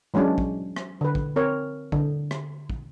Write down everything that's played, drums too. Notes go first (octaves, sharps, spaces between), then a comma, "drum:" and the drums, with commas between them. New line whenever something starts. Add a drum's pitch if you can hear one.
E3 F#3 G#3 C#4 D4
drum: kick
drum: rim click
D3 B4
drum: kick
C4 A#4 C#5
D3, drum: kick
drum: rim click
drum: kick